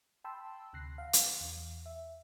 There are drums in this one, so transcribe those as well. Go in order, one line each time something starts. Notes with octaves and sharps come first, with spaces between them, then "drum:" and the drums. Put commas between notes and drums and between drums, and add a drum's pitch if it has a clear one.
G5 A5 B5 C6 E6
D2 C3 F#6 A#6 C7
F5 F#5
drum: hi-hat
E2
E5